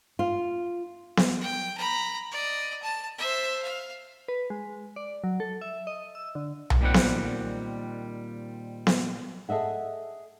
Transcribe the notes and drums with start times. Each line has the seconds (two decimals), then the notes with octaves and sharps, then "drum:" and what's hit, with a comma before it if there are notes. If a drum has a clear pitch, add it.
0.19 F4
1.17 drum: snare B3
1.41 G5
1.77 A#5 B5
2.31 D5 D#5
2.82 A5
3.18 C5 E5
3.62 F5
4.28 B4
4.50 G#3
4.96 D5
5.24 F#3
5.40 A4
5.62 E5
5.87 D#5
6.15 E6
6.35 D3
6.70 drum: tom B1
6.81 A#2 D#3 G3 C4 F#5
6.94 drum: snare B3
8.87 drum: snare B3
9.49 G#4 A4 D#5 E5 F#5